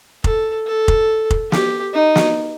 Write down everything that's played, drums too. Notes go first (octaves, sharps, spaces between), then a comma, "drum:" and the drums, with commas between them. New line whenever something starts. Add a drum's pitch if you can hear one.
A4, drum: kick F1
A4
drum: kick F1
drum: kick F1
G4, drum: snare
D#4
drum: snare